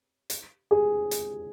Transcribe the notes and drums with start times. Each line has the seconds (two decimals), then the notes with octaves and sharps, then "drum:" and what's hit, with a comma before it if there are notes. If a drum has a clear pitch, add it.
0.30 drum: hi-hat
0.71 G#4
1.11 drum: hi-hat